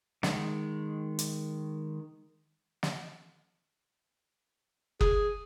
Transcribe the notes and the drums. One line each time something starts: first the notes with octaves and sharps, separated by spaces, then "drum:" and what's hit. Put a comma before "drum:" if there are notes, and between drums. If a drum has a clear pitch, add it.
D#3 G#3, drum: snare
drum: hi-hat
drum: snare
G#4, drum: kick F#1